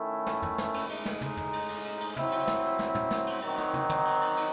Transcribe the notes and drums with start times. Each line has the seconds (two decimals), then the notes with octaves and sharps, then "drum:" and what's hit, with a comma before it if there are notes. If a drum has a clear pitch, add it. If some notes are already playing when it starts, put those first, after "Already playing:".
Already playing: D#3 A3 C#4 E4
0.27 drum: snare
0.42 drum: tom
0.58 drum: snare
0.74 drum: cymbal
0.89 A2 G#3 D#4, drum: cymbal
1.05 drum: snare
1.21 drum: tom
1.37 drum: tom
1.53 drum: cymbal
1.69 drum: cymbal
1.84 drum: cymbal
2.00 drum: cymbal
2.17 F#3 C4 E4, drum: tom
2.32 drum: cymbal
2.47 drum: snare
2.79 drum: snare
2.95 drum: tom
3.11 drum: snare
3.26 drum: cymbal
3.42 D#3 F#3 C4 D#4, drum: cymbal
3.58 drum: snare
3.74 drum: tom
3.89 drum: tom
4.05 drum: cymbal
4.21 drum: cymbal
4.37 drum: cymbal